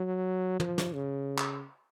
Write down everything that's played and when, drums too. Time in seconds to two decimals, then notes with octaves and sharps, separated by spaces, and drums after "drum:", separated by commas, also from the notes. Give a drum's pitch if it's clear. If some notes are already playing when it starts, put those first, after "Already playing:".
Already playing: F#3
0.60 F3, drum: tom
0.78 drum: snare
0.93 C#3
1.38 drum: clap